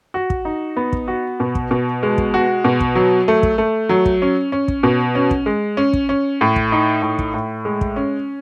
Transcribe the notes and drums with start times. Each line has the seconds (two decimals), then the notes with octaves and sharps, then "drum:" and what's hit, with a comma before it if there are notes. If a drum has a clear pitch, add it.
0.14 F#4
0.30 drum: kick
0.45 D#4
0.77 B3
0.93 drum: kick
1.08 F#4
1.40 B2
1.55 drum: kick
1.71 B2
2.03 G#3
2.18 drum: kick
2.34 F#4
2.64 B2
2.80 drum: kick
2.95 F#3
3.28 A3
3.43 drum: kick
3.58 A3
3.89 F#3
4.06 drum: kick
4.22 C#4
4.52 C#4
4.68 drum: kick
4.83 B2
5.15 C#4
5.31 drum: kick
5.46 G#3
5.77 C#4
5.93 drum: kick
6.09 C#4
6.41 A2
6.56 drum: kick
6.72 D#4
7.02 A2
7.19 drum: kick
7.34 A2
7.65 G#3
7.81 drum: kick
7.96 C#4